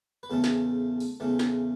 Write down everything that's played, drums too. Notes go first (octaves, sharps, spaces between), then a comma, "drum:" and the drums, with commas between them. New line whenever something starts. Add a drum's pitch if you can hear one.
B4
E2 C#3 E3 A3 A4
drum: snare
drum: open hi-hat
E2 C#3 E3 A3
drum: snare